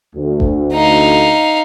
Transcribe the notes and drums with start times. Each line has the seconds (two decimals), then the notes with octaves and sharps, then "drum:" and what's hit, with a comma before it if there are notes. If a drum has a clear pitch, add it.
0.15 D2
0.40 drum: kick F#1
0.73 D#4 F5